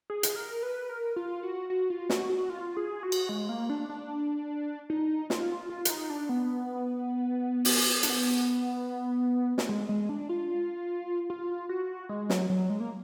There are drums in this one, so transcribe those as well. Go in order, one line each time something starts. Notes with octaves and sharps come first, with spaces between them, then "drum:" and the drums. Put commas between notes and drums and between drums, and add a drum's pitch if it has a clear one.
G#4
drum: hi-hat
A#4
B4
A#4
F4
F#4
F#4
F4
F#4, drum: snare
F#4
F4
G#4
F#4
drum: cymbal
G#3
A#3
D4
D4
D#4
F4, drum: snare
F4
F4, drum: hi-hat
D#4
D4
B3
drum: open hi-hat
D4, drum: hi-hat
B3
drum: snare
G#3
G#3
D4
F4
F4
F#4
G#3
F#3, drum: snare
F#3
G#3
A#3